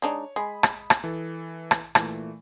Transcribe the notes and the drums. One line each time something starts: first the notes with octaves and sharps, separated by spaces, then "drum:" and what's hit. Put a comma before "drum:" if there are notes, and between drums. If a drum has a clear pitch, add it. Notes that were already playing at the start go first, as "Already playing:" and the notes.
G#3 D4 D#4 C#5
G#3 B5 D#6
drum: rim click
drum: rim click
E3 A4
drum: rim click
A#2 E3 A3, drum: rim click